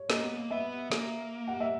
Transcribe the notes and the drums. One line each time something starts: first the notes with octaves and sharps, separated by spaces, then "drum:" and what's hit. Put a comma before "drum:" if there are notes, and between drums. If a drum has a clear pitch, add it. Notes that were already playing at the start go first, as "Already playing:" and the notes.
Already playing: C#5
A#3 D#5, drum: snare
B3
A#3
B3 E5
A#3, drum: snare
F#5
E5